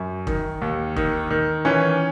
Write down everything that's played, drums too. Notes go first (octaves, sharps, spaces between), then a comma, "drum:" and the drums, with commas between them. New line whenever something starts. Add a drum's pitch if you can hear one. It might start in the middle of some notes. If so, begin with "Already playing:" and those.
Already playing: F#2
D#3, drum: kick
D#2
D#3, drum: kick
D#3
E3 C#4